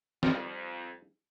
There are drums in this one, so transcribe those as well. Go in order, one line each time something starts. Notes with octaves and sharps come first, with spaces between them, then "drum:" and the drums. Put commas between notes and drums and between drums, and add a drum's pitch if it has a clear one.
F2 G3 D#4 F4, drum: snare